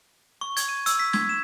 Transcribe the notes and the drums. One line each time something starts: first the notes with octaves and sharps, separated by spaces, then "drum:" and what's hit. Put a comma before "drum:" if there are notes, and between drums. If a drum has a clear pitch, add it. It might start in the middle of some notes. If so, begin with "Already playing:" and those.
C#6
G#6, drum: hi-hat
D#7
E6, drum: hi-hat
B6
G#6, drum: snare
E7